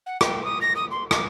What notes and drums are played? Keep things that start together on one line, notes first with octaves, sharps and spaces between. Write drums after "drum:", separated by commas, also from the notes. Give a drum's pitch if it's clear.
F#5
G5, drum: rim click
D#6
A#6
D#6
C6
D6, drum: rim click